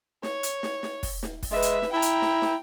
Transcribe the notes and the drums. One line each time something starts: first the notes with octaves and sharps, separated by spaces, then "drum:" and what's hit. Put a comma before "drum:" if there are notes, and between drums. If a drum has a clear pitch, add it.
C#5, drum: snare
drum: hi-hat
drum: snare
drum: snare
drum: kick, open hi-hat
drum: snare
drum: kick, open hi-hat
G#3 B4 E5
drum: hi-hat
drum: snare
E4 G5 A#5
drum: hi-hat
drum: snare
drum: snare